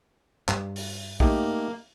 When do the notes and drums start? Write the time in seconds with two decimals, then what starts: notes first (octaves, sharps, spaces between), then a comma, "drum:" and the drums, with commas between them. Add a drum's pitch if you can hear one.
0.48 G2, drum: clap
0.76 drum: open hi-hat
1.20 A3 A#3 D#4 G4, drum: kick